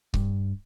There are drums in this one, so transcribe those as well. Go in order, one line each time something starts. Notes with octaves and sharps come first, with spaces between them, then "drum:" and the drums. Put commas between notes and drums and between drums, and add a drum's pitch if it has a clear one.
G2, drum: kick C#1